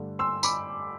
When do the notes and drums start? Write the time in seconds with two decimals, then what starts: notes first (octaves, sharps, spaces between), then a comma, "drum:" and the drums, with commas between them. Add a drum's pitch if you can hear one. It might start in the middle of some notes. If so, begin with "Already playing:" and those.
Already playing: G2 D3 A3
0.19 C6 E6
0.43 B5 D6, drum: tambourine